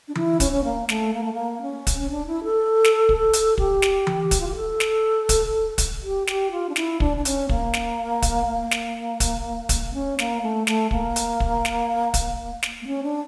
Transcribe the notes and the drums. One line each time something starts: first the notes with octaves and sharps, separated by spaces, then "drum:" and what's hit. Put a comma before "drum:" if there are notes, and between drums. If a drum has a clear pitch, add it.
D4
E4, drum: tom E3
C#4, drum: kick, hi-hat
C#4
A#3
A3, drum: snare
A#3
A3
A#3
C#4
drum: kick, hi-hat
C#4
D4
E4
A4
drum: snare
drum: kick
drum: hi-hat
G4, drum: kick
drum: snare
drum: tom E3
drum: kick, hi-hat
F4
G4
A4
drum: snare
drum: kick, hi-hat
drum: kick, hi-hat
G4
G4, drum: snare
F4
D4
E4, drum: snare
D4, drum: kick
D4
C#4, drum: hi-hat
A#3, drum: kick
drum: snare
drum: kick, hi-hat
A#3
drum: snare
drum: kick, hi-hat
drum: kick, hi-hat
C#4
A#3, drum: snare
A3
A3, drum: snare
A#3, drum: kick
drum: hi-hat
drum: kick
drum: snare
drum: kick, hi-hat
drum: snare
A#3
C#4
D4